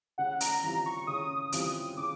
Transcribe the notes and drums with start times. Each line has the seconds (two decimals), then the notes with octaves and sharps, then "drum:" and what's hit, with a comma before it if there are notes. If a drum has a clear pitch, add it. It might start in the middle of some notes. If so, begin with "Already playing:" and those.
0.18 C#3 F#5
0.41 A#5, drum: hi-hat
0.63 E3 G3 C4 F4 A#5
0.86 C#6
1.07 C#3 D#6
1.52 E3 G3 C4 F4 D#6, drum: hi-hat
1.97 C#3 D6